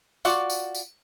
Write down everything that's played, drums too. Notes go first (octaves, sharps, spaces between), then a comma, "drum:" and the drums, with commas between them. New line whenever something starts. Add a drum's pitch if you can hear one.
F4 F#4 D5 F#5, drum: tambourine
drum: tambourine
drum: tambourine